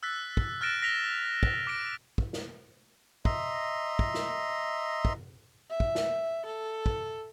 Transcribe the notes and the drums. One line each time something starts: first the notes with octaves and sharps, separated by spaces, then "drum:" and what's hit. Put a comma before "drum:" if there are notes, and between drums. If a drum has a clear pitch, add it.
E6 F#6 A6 B6
drum: kick
F6 F#6 A6 A#6 D7 E7
A#6 B6 F7 G7
drum: kick
D6 F6 A#6 D7
drum: kick
drum: snare
D#5 E5 A#5 C6, drum: kick
drum: kick
drum: snare
drum: kick
E5
drum: kick
drum: snare
A4
drum: kick